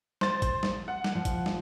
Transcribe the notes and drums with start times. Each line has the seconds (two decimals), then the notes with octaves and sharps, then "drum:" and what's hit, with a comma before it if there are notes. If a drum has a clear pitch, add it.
0.21 C5 A6, drum: snare
0.42 drum: kick, hi-hat
0.63 drum: snare
0.88 F#5
1.04 drum: snare
1.15 F3
1.25 drum: kick, hi-hat
1.46 drum: snare